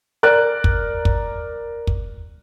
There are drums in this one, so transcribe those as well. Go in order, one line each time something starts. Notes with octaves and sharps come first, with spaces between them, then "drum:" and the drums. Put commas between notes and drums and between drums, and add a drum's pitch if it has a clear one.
A#4 D5 F#6
drum: kick
drum: kick
drum: kick